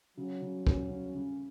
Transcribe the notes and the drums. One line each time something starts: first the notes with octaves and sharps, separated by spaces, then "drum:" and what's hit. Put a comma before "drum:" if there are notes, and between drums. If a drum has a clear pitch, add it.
C#3 F#3
C#3
C#4, drum: kick
C#3
C#3